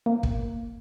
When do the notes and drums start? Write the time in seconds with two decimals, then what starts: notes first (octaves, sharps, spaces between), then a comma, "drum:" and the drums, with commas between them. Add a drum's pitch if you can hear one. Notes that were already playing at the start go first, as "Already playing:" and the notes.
0.06 A#3
0.23 drum: kick